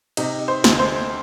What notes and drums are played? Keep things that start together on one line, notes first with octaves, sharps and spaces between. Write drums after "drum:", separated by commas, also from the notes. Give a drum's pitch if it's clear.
C3 D#4, drum: cymbal
C5
D2, drum: snare
C5